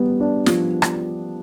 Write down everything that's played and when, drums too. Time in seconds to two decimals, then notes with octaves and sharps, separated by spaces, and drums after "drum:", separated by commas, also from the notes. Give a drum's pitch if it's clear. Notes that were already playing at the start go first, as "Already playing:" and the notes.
Already playing: G3 B3
0.20 D4
0.46 F3, drum: snare
0.82 drum: rim click